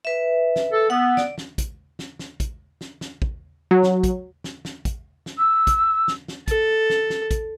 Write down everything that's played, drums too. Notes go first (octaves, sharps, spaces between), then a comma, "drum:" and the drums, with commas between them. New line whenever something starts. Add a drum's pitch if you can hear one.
B4 E5
drum: snare
A4
B3 F#5 E6
D5, drum: snare
drum: snare
drum: kick, hi-hat
drum: snare
drum: snare
drum: kick, hi-hat
drum: snare
drum: snare
drum: kick
F#3
drum: snare
drum: kick, hi-hat
drum: snare
drum: snare
drum: kick, hi-hat
drum: snare
E6
drum: kick, hi-hat
drum: snare
drum: snare
A4, drum: kick, hi-hat
drum: snare
drum: snare
drum: kick, hi-hat